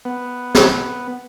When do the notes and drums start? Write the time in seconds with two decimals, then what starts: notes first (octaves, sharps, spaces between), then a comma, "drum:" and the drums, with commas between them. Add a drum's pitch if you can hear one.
0.05 B3
0.55 drum: snare